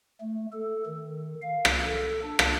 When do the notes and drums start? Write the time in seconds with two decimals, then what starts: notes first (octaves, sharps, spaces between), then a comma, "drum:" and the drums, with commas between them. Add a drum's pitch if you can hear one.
0.20 A3
0.53 A4
0.86 D#3
1.42 F5
1.65 drum: rim click
1.83 A4
2.24 D4
2.39 drum: rim click